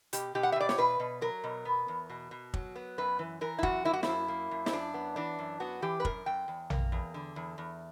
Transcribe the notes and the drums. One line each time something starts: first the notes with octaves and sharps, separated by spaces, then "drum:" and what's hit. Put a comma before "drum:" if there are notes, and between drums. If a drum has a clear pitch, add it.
B2 G4, drum: hi-hat
B2 G4
F#5
E5
B2 D5
C#5, drum: snare
B2 B4
B2
F#3 A#4
B2
B3
E2
B2
B2
F#3, drum: kick
B3
F#2 B4
E3
E3 A#4
E4
F#2 F#4, drum: kick
A#3 E4
F#4
F#2 E4, drum: snare
A#3
F#2
E4, drum: snare
F#2 D4
B3
E3 D4
F#2
B3 F#4
E3 G4
B4
F#2 A#4, drum: kick
F#2 G5
E2
A#3, drum: tom A#1
E2
D3
E2
E2